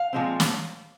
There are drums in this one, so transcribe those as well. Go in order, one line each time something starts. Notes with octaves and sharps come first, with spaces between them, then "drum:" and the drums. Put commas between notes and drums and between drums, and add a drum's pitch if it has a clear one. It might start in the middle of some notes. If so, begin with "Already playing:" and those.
Already playing: F5
A#2 F3 G#3 C4
drum: snare